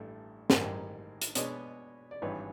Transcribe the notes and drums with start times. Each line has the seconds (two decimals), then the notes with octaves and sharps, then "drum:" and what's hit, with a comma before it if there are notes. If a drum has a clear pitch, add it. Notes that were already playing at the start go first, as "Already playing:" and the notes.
Already playing: A1 G2 A3
0.50 A1 G#2 D#3 G3 A#3, drum: snare
1.21 drum: hi-hat
1.35 B2 G#3 B3 D4 C#5 D#5, drum: hi-hat
2.11 D5
2.22 G#1 G2 E3 B4 C#5